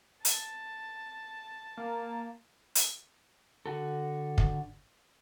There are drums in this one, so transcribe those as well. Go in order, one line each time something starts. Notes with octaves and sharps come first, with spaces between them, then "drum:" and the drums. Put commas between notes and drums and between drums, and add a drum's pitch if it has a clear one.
A5, drum: hi-hat
A#3
drum: hi-hat
D3 F#4 A4
drum: kick